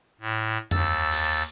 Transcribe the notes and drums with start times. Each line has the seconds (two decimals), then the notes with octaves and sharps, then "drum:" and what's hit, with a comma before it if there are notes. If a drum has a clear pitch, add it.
0.21 A2
0.71 D#2 E6 A6, drum: tom F2
1.12 drum: open hi-hat